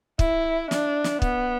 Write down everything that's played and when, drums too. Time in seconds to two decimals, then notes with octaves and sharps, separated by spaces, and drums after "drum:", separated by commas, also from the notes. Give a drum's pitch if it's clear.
0.19 E4, drum: kick
0.71 D4, drum: snare
1.04 drum: snare
1.22 B3, drum: kick